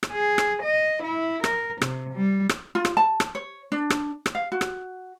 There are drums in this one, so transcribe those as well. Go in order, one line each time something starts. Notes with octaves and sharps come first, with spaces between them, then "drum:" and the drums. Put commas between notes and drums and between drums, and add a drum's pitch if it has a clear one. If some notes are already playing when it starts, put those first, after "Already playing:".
drum: rim click
G#4
drum: rim click
D#5
E4
A#4, drum: rim click
C3, drum: rim click
G3
drum: rim click
F4
drum: rim click
A5
drum: rim click
C#5
D4
drum: rim click
drum: rim click
F5
F#4
drum: rim click